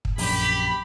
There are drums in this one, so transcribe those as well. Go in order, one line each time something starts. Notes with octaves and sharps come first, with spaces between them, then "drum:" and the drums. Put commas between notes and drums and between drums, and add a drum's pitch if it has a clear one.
drum: kick
A#1 F#2 G4 B5, drum: open hi-hat